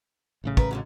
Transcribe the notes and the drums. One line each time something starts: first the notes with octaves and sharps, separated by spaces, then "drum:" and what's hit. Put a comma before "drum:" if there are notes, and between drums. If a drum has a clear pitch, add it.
A1 A2 C#3
A#4 B4, drum: kick
F2 D3 F#3